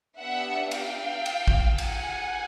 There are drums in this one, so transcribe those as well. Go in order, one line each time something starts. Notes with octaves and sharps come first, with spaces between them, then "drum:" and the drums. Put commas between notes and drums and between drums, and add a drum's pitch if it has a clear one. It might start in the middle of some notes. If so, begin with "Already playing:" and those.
B3 D4 G4 E5 F#5
F5 G5, drum: cymbal
drum: cymbal
drum: kick A1
F#5 G#5, drum: cymbal